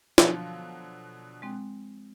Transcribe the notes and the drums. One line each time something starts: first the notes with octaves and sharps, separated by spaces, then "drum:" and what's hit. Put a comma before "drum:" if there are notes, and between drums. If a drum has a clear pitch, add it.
B2 D3 F3 F#3, drum: snare
G#3 C4 G5